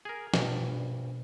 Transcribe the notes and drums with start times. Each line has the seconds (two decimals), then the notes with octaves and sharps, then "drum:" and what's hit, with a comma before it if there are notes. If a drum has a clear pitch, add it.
0.05 G#4 A#4
0.34 A#1 G2 B2, drum: snare